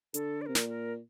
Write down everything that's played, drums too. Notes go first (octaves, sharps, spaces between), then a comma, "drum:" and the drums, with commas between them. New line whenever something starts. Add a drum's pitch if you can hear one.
D3 A4, drum: hi-hat
D5
C3 A#4
A#2, drum: snare
A#4